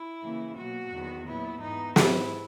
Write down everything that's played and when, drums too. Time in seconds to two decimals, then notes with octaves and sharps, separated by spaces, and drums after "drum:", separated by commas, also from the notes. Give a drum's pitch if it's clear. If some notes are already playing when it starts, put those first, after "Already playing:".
Already playing: E4
0.21 C#3 E3 A#3
0.56 B2 F#3 A#3 F#4
0.91 E2 D#3 F#3 B3
1.26 A#2 F#3 B3 E4
1.61 G#2 E3 B3 D#4
1.96 G#2 E3 G#3 E4, drum: snare